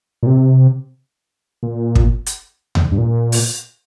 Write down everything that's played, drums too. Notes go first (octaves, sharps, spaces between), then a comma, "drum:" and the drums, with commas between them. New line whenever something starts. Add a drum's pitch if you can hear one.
A#2
C3
A#2
drum: kick
drum: hi-hat
drum: tom D#2
G2
A#2
drum: open hi-hat